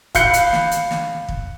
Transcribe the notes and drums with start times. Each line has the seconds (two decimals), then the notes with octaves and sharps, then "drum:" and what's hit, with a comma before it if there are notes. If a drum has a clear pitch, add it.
0.15 F5 B5 F#6 G6 C#7, drum: kick, hi-hat
0.34 drum: hi-hat
0.53 drum: snare
0.72 drum: hi-hat
0.91 drum: snare
1.29 drum: kick